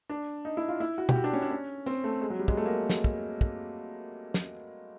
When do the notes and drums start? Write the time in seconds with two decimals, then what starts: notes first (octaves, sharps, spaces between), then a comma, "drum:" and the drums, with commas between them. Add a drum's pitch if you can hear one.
0.09 D4
0.45 D#4
0.57 E4
0.68 F4
0.80 E4
0.98 F#4
1.09 G4, drum: tom B2
1.15 F#4
1.24 D4
1.33 C#4
1.42 D4
1.51 C#4
1.86 C4, drum: tambourine
2.04 A3
2.22 G#3
2.30 F#3
2.39 G3
2.48 G#3, drum: kick
2.57 A3
2.66 A#3
2.90 drum: snare
3.04 drum: kick
3.41 drum: kick
4.34 drum: snare